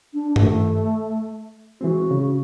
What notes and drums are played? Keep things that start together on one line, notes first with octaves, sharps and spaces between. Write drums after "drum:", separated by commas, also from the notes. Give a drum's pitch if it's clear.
D4
A3, drum: tom G2
E3 G#3 C4 F#4
C#3